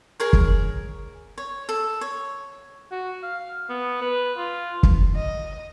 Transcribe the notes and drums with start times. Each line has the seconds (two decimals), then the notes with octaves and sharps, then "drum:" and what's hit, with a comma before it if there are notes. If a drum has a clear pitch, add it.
0.20 G#4 A#4 C#5
0.33 drum: kick
1.38 C#5
1.69 A4
2.01 C#5
2.92 F#4
3.23 F5
3.69 B3
4.01 B4
4.37 F4
4.83 drum: kick
5.16 D#5